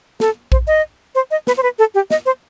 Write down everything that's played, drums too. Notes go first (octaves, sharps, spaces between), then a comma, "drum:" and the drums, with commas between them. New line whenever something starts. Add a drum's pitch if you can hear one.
A4, drum: snare
C5, drum: kick A#1
D#5
C5
D#5
B4, drum: snare
C5
B4
A4
G4
D#5, drum: snare
C5